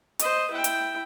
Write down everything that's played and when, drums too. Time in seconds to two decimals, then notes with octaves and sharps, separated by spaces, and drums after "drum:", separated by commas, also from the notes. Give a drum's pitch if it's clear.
0.19 C5 D#5, drum: hi-hat
0.51 E4 G5
0.64 drum: hi-hat